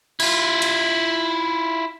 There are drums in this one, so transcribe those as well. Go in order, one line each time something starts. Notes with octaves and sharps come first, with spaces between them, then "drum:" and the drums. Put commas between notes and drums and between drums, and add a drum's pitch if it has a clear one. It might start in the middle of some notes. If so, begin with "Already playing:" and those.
E4 F4, drum: cymbal
drum: cymbal